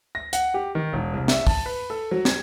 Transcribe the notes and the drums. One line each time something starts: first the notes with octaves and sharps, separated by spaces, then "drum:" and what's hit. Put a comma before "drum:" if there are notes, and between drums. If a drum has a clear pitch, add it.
A#6
F#5, drum: hi-hat
G4
D#3
E1
C2
E5, drum: snare
A5, drum: kick, open hi-hat
B4
A4
F#3
G#6, drum: snare